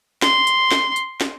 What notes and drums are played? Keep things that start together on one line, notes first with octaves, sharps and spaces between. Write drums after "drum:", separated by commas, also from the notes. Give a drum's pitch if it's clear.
C6, drum: snare
drum: hi-hat
drum: snare
drum: hi-hat
drum: snare